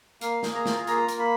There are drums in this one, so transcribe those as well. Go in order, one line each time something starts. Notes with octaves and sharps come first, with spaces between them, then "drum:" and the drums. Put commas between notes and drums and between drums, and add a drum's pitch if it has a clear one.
A#3 F5, drum: hi-hat
G#4, drum: snare
A#5
F4, drum: snare
A#3 A#5, drum: hi-hat
A#3, drum: hi-hat
B5